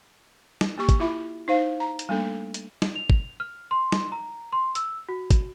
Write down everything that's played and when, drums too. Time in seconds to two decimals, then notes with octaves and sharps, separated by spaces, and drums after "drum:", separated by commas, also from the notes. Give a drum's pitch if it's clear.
0.61 drum: snare
0.78 A#3 G4 C#6
0.89 drum: kick, hi-hat
1.00 E4 F4 E5 B5
1.48 D#4 C5 F5
1.80 A#5
1.99 drum: hi-hat
2.09 G3 A3 A#3 D4 A4
2.54 drum: hi-hat
2.82 drum: snare
2.95 F7
3.10 drum: kick
3.40 F6
3.71 C6
3.92 drum: snare
4.12 A#5
4.52 C6
4.75 E6, drum: hi-hat
5.09 F#4
5.31 drum: kick, hi-hat